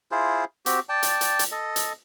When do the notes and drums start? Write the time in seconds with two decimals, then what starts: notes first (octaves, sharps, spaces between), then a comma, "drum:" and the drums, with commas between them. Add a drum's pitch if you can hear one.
0.12 E4 F4 G#4 C5
0.66 C4 F#4 G4, drum: hi-hat
0.89 D5 G5 A5
1.03 drum: hi-hat
1.21 drum: hi-hat
1.39 drum: hi-hat
1.52 A4 D#5
1.76 drum: hi-hat